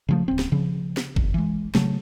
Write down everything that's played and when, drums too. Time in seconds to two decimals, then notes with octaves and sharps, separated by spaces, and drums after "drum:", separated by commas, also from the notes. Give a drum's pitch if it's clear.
0.09 C#3 F3 A3
0.28 D1 C4
0.39 drum: snare
0.52 C#3 F3
0.97 drum: snare
1.16 F1, drum: kick G1
1.34 E3 G#3
1.75 C#3 F#3 A3, drum: snare